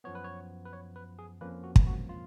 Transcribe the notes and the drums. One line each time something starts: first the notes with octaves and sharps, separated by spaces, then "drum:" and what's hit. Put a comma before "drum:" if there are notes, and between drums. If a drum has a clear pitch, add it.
F#2 F3 B3 C#5
B4
C#5
B4
C#5
B4
G#4
F2 F3 A#3 C#4 B4
F#4
drum: kick
F#4
F4